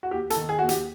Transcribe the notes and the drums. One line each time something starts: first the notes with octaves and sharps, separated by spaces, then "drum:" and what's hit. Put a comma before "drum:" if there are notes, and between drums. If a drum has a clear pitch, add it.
F#4
D#2 G4
A4, drum: hi-hat
D#3
G#4
D#2 F#4
G4, drum: hi-hat